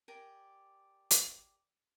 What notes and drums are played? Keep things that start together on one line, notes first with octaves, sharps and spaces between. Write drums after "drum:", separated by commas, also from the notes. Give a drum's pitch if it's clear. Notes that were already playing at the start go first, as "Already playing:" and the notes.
G4 A#4 D5 G#5
drum: hi-hat